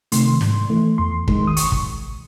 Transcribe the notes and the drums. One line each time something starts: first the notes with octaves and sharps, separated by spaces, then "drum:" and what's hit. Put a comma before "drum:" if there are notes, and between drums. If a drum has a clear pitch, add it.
C3 D#3 A3 C6, drum: hi-hat
G#2, drum: snare
E3 A3
E2 C6
D#3 G#3, drum: kick
D#6
C#6, drum: hi-hat
drum: kick